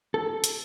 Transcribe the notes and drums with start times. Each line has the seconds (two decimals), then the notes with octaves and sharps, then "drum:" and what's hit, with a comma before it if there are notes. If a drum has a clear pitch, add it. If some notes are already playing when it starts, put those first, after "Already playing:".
0.14 A4
0.44 drum: hi-hat